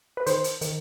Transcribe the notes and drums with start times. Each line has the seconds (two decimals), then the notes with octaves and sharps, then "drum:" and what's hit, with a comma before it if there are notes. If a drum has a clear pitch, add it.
0.17 B4
0.26 D#3 C5, drum: hi-hat
0.44 drum: hi-hat
0.61 D#3, drum: hi-hat